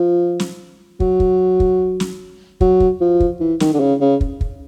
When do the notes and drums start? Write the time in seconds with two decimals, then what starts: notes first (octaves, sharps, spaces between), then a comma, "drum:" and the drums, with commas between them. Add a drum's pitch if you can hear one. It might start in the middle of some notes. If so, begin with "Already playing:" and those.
Already playing: F3
0.40 drum: snare
1.00 F#3, drum: kick
1.20 drum: kick
1.60 drum: kick
2.00 drum: snare
2.61 F#3, drum: kick
2.80 drum: kick
3.01 F3
3.20 drum: kick
3.40 E3
3.60 D#3, drum: snare
3.74 D3
3.80 C#3
4.01 C#3
4.21 drum: kick
4.41 drum: kick